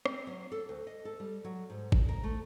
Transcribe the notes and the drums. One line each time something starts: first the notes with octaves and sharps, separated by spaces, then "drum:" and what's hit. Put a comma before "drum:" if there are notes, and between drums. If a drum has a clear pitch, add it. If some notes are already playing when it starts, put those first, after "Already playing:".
C4, drum: rim click
F#3
A4
D2
D#5
A4
G3
F#3
G#2
drum: kick
A#4
A3